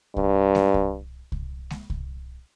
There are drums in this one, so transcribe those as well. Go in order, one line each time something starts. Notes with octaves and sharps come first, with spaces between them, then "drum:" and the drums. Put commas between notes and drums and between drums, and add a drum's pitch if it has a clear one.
G2, drum: kick C2
drum: snare G#3
drum: kick C2
drum: kick C2
drum: snare G#3
drum: kick C2